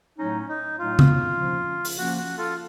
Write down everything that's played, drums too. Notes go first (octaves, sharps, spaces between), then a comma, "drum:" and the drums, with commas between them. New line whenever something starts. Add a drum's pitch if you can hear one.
A2 F#3 A3 C#4 D#4
D#4
A2 F#3 A3 D#4 F4
drum: tom C#3
F3 A#3 C#4
drum: open hi-hat
F3 A#3 C#4 F#4
F#4
F4 A4